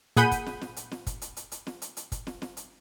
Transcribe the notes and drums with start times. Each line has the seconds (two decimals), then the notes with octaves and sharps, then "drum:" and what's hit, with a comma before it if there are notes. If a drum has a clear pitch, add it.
0.16 A#2 G#4 F#5 B5 G6 D#7, drum: hi-hat
0.31 drum: kick, hi-hat
0.46 drum: snare
0.61 drum: snare
0.76 drum: hi-hat
0.92 drum: snare
1.07 drum: kick, hi-hat
1.22 drum: hi-hat
1.37 drum: hi-hat
1.52 drum: hi-hat
1.67 drum: snare
1.82 drum: hi-hat
1.97 drum: hi-hat
2.12 drum: kick, hi-hat
2.27 drum: snare
2.42 drum: snare
2.57 drum: hi-hat